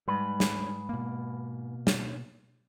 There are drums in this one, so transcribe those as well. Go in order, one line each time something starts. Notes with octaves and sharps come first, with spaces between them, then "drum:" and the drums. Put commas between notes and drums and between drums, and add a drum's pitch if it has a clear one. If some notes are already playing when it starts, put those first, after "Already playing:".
G#2 G3 B4
drum: snare
B2 A#3
drum: snare